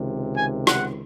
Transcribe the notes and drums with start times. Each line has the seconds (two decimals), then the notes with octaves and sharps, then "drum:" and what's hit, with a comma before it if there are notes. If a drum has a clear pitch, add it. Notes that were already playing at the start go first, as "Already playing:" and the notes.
Already playing: C#2 C3 D#3
0.35 G#5
0.67 F#5, drum: rim click